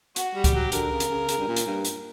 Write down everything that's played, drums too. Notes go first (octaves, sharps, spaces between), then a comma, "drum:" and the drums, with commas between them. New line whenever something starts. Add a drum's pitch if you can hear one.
F#4, drum: hi-hat
G3
G4, drum: kick C#2, hi-hat
F#3
D3 A#4, drum: hi-hat
C#3
drum: hi-hat
C#3
C#3, drum: hi-hat
G2
A#2
drum: hi-hat
G2
drum: hi-hat